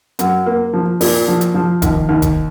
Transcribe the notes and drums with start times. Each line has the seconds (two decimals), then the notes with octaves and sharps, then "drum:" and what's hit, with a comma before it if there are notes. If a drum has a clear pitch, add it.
0.19 F#2, drum: hi-hat
0.46 A#3
0.73 F3
1.01 A#2, drum: open hi-hat
1.28 F3
1.41 drum: hi-hat
1.54 F3
1.82 D#2, drum: kick E1, hi-hat
2.09 D#2
2.22 drum: kick E1, hi-hat